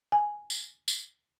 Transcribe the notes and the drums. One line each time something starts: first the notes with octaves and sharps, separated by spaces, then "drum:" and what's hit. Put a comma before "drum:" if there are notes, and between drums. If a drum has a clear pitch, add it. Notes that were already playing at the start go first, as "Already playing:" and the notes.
G#5
drum: tambourine
drum: tambourine